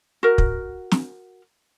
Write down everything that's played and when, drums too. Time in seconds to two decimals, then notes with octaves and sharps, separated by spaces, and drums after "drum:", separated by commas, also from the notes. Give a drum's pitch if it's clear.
0.23 F#4 A#4
0.38 drum: kick
0.91 drum: snare